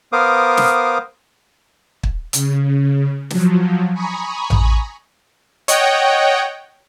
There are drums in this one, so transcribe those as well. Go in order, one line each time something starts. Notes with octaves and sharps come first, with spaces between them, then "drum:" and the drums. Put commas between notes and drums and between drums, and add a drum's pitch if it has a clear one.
B3 A#4 C5 F5 D6 D#6
drum: snare
drum: kick
C#3, drum: hi-hat
F3 F#3, drum: snare
G#5 A#5 B5 C#6 D#6
drum: tom A1
C#5 D#5 F#5 G5, drum: hi-hat